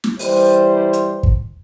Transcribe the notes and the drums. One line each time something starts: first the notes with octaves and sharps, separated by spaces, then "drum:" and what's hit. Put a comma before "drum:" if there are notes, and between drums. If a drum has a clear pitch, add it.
drum: snare
E3 G3 C5, drum: open hi-hat
drum: hi-hat
drum: kick